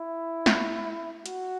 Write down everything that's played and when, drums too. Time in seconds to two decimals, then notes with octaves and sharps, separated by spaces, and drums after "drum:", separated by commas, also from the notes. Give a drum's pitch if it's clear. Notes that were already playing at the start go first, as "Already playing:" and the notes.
Already playing: E4
0.46 drum: snare
1.26 F#4, drum: hi-hat